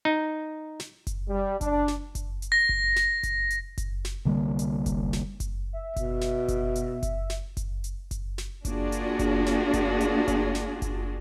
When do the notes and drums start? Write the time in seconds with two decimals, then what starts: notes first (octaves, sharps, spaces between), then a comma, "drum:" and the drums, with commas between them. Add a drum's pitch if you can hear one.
0.05 D#4
0.80 drum: snare
1.07 drum: kick F#1, hi-hat
1.29 G3
1.61 D4, drum: kick F#1, hi-hat
1.88 drum: snare
2.15 drum: kick F#1, hi-hat
2.42 drum: hi-hat
2.52 A#6
2.69 drum: kick F#1
2.96 drum: snare
3.23 drum: kick F#1, hi-hat
3.50 drum: hi-hat
3.78 drum: kick F#1, hi-hat
4.05 drum: snare
4.25 C2 D3 G3 A#3
4.59 drum: hi-hat
4.86 drum: kick F#1, hi-hat
5.13 drum: snare
5.40 drum: kick F#1, hi-hat
5.73 E5
5.96 B2, drum: kick F#1, hi-hat
6.21 drum: snare
6.48 drum: kick F#1, hi-hat
6.75 drum: hi-hat
7.03 drum: kick F#1, hi-hat
7.30 drum: snare
7.57 drum: kick F#1, hi-hat
7.84 drum: hi-hat
8.11 drum: kick F#1, hi-hat
8.38 drum: snare
8.65 A#3 D4 F4 F#4 G#4, drum: kick F#1, hi-hat
8.92 drum: hi-hat
9.19 drum: kick F#1, hi-hat
9.46 drum: snare
9.73 drum: kick F#1, hi-hat
10.01 drum: hi-hat
10.28 drum: kick F#1, hi-hat
10.55 drum: snare
10.82 drum: kick F#1, hi-hat